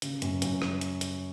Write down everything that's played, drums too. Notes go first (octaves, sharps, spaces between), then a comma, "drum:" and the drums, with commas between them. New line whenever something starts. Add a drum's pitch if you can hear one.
C#3, drum: hi-hat
F#2, drum: hi-hat
F#2, drum: hi-hat
drum: rim click
drum: hi-hat
drum: hi-hat